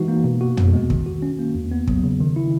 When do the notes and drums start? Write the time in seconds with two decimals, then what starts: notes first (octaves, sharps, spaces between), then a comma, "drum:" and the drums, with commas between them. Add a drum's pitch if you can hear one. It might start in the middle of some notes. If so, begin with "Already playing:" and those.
Already playing: E3 G#3 D#4 F#4
0.08 A#3
0.24 B2
0.41 F#4
0.57 B3, drum: tom
0.73 G#3
0.90 D#3, drum: kick
1.06 F#4
1.22 C#4
1.39 A#3
1.55 E2
1.71 B3
1.88 F#3, drum: kick
2.04 C#3
2.20 D#3
2.36 E4